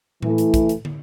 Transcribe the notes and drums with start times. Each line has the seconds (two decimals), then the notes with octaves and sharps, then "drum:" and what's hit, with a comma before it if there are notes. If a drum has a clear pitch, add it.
0.22 E3 A3 E4, drum: tom A2
0.38 drum: hi-hat
0.54 drum: kick, hi-hat
0.69 drum: hi-hat
0.85 drum: tom